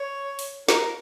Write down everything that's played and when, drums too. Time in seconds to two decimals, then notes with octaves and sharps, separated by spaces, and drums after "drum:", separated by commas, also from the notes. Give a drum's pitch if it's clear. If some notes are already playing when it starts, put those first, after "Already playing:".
Already playing: C#5
0.39 drum: open hi-hat
0.68 D#4 A#4, drum: snare